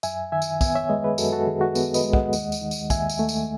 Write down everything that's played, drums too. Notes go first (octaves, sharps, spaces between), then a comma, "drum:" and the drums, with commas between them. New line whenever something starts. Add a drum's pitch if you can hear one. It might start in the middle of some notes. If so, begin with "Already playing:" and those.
F#2 E5 G#5, drum: tambourine
D#3 E5 G#5
drum: tambourine
B3 E5 G#5, drum: kick, tambourine
C#5 E5
G#3 B4 D#5
G#4 B4
F#2 F#4 A4, drum: tambourine
F#4 A4
D#3 G#4
F#4
B3, drum: tambourine
B4 D#5, drum: tambourine
G#3
D#5 F#5, drum: kick
D#2, drum: tambourine
drum: tambourine
D#3
drum: tambourine
D#2 E5 G#5, drum: kick, tambourine
drum: tambourine
A3
drum: tambourine